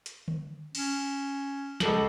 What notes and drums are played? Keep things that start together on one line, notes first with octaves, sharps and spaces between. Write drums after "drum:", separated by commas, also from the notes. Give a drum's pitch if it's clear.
drum: hi-hat
drum: tom D3
C#4, drum: cymbal
C#2 A4 F#7, drum: snare